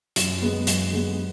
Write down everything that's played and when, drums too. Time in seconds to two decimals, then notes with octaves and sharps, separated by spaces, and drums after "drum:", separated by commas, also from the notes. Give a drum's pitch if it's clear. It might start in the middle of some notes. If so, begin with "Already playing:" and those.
0.16 F#2, drum: hi-hat
0.42 D3 G#3 B3
0.67 F#2, drum: hi-hat
0.93 D3 G#3 B3